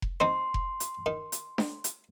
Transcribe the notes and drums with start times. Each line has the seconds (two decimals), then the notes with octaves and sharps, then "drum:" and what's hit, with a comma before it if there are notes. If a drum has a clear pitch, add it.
0.02 drum: kick F1
0.20 C4 D#4 C5 C6
0.54 drum: kick F1
0.80 drum: hi-hat
1.06 D#3
1.32 drum: hi-hat
1.58 drum: snare D4
1.84 drum: hi-hat